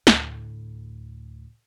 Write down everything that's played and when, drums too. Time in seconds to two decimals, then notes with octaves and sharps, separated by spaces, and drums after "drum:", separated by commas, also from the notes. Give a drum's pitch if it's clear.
0.07 D2 A2, drum: snare